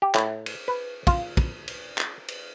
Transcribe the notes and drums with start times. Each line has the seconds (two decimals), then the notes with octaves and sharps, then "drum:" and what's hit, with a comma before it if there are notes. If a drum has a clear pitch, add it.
0.02 G4
0.15 A2, drum: clap
0.46 drum: cymbal
0.68 B4
1.07 F4, drum: kick, cymbal
1.37 drum: kick, cymbal
1.68 drum: cymbal
1.98 drum: clap
2.28 drum: cymbal